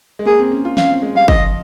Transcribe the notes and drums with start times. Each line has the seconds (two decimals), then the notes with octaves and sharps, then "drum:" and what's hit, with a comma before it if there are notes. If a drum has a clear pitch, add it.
0.19 G#3
0.26 A#3 G#4
0.39 C4
0.52 C#4
0.65 F4
0.77 C#4 F5, drum: snare
0.90 C4
1.02 G#3
1.15 G3 F5
1.28 F3 D#5, drum: kick